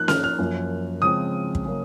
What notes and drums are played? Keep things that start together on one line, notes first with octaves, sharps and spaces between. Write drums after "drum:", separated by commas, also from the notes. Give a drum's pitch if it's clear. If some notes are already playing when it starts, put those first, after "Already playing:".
Already playing: F3 A#3 D#4 F#6
F6, drum: snare C#4
F6
F#2 F3 A#3
C#3 F3 G#3 C4 D#6
drum: kick
C#3 F#3 A#3